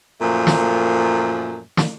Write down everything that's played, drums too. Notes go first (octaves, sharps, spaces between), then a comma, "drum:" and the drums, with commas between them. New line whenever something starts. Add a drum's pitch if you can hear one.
F#2 A#2 F3 A3
drum: snare
drum: snare